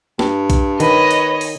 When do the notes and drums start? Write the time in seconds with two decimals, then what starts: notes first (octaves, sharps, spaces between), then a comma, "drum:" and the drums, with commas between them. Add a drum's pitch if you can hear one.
0.19 G2, drum: snare
0.50 drum: kick A#1, hi-hat
0.80 D#3 B4 C#5 D#5, drum: hi-hat
1.11 drum: hi-hat
1.41 drum: open hi-hat